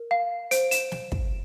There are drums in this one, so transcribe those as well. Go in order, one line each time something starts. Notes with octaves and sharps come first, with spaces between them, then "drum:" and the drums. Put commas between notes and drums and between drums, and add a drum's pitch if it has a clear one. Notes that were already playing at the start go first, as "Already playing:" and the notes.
Already playing: A#4
F5
C5 D7, drum: hi-hat
E7, drum: hi-hat
drum: snare
drum: kick